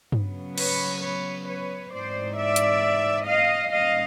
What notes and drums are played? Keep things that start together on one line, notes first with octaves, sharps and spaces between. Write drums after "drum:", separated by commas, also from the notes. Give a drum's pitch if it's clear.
C#3 F#3 B3, drum: tom G2
B4 C#5, drum: cymbal
B4 C#5
B4 C#5
G#2 E3 G#3 C4 D#4 C5 D5
D5 E5
drum: hi-hat
D#5 F5
G#2 D#3 G3 A#3 C#4 D#5 F5